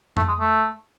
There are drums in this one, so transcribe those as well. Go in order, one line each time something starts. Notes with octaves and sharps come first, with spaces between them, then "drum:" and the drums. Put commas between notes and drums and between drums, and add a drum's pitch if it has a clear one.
A3, drum: tom F2
G#3
A3